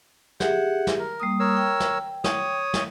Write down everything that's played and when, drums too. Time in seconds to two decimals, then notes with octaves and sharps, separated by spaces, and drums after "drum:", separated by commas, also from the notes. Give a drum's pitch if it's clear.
0.40 G4 G#4 E5 F#5, drum: snare
0.87 drum: snare
0.99 A#4
1.20 G3 A#3 D#6
1.40 A#4 C#5 E6
1.57 G5
1.80 drum: snare
2.24 C#5 D#6, drum: snare
2.74 drum: snare